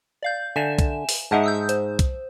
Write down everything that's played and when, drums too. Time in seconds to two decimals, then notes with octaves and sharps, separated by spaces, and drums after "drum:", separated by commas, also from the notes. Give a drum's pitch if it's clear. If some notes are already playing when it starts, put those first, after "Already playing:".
0.23 D5 F5 G6
0.56 D3 E5 G#5 E7
0.79 drum: kick, hi-hat
1.09 drum: open hi-hat
1.31 G#2 G#3 D#4 E5 F#5 A5
1.43 D#6 E6 G6
1.69 C5, drum: hi-hat
1.99 drum: kick, hi-hat